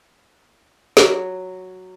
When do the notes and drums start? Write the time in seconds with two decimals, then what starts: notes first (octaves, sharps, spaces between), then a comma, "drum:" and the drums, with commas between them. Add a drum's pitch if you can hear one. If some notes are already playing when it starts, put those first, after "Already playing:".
0.97 F#3, drum: snare